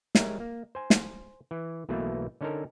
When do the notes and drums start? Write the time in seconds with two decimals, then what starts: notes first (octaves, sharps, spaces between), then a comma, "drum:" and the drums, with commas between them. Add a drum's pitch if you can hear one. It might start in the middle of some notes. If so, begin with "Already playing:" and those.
0.15 G3 G#3 A#4 C#5 E5, drum: snare
0.40 A#3
0.75 C5 G#5
0.90 drum: snare
1.51 E3
1.89 B1 B2 E3 A3 A#3 E5
2.41 D3 C#4 D#4 A4 A#4